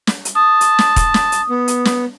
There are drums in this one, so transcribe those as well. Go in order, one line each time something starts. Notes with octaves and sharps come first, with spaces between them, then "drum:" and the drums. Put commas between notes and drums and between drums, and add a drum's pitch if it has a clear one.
drum: snare
drum: hi-hat
A5 D#6
drum: hi-hat
drum: snare
drum: kick, hi-hat
drum: snare
drum: hi-hat
B3
drum: hi-hat
drum: snare